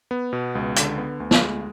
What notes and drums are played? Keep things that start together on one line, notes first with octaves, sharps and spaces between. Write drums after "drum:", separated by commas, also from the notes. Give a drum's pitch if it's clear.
B3
B2
C#2
D3, drum: hi-hat
B3
D2
drum: snare
G#3